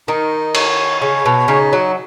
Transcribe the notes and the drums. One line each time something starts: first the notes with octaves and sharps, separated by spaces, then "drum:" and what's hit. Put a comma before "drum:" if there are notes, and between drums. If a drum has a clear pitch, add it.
D#3 D#4
C#5, drum: cymbal
C#3 C#5
B2
C#3 D#4
F#3